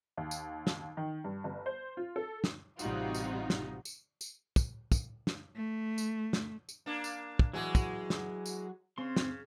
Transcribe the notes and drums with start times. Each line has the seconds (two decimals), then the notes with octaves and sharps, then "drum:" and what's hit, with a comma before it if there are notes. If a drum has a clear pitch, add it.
0.17 D#2
0.31 drum: tambourine
0.67 drum: snare
0.97 D#3
1.24 G2
1.44 G1
1.66 C5
1.97 F4
2.16 A4
2.44 drum: snare
2.79 A1 C3 G3 D#4 F4 F#4, drum: tambourine
3.15 drum: tambourine
3.50 drum: snare
3.85 drum: tambourine
4.21 drum: tambourine
4.56 drum: kick, tambourine
4.92 drum: kick, tambourine
5.27 drum: snare
5.56 A3
5.98 drum: tambourine
6.33 drum: snare
6.69 drum: tambourine
6.86 A#3 D4
7.04 drum: tambourine
7.39 drum: kick
7.53 E3 F#3 G#3 F#4 G#4
7.75 drum: kick, tambourine
8.10 drum: snare
8.46 drum: tambourine
8.98 C#3 C4 C6
9.16 drum: snare